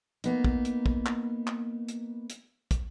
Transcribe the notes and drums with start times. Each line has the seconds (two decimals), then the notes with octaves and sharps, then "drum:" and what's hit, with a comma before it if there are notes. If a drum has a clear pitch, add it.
0.24 A#3 B3 D#4, drum: hi-hat
0.44 drum: kick
0.65 drum: hi-hat
0.86 drum: kick
1.06 drum: clap
1.47 drum: clap
1.88 drum: hi-hat
2.30 drum: hi-hat
2.71 drum: kick, hi-hat